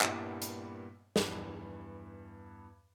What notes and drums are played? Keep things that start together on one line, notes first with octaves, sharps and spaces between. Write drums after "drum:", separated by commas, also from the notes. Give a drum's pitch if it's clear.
G2 A#2 G3 A#3 B3 E4, drum: clap
drum: hi-hat
E2 G2 E3, drum: snare